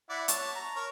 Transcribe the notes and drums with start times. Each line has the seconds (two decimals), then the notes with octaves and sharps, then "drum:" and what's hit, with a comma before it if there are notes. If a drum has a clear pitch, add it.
0.10 E4 D5 F#5
0.28 C#5 A5, drum: hi-hat
0.55 A#5
0.76 A#4 C#5